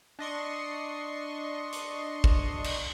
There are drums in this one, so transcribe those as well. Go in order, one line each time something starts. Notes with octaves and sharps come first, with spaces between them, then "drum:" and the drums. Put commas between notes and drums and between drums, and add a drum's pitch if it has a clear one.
D4 D#5 C6 C#6
drum: hi-hat
drum: kick
drum: cymbal